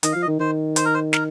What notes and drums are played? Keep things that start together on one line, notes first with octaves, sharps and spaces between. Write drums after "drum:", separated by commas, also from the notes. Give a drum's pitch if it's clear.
D#3 D#5, drum: hi-hat
F3 F5
D#5
D#3
D#3 C5
C5, drum: hi-hat
A#4
C5
A#4, drum: snare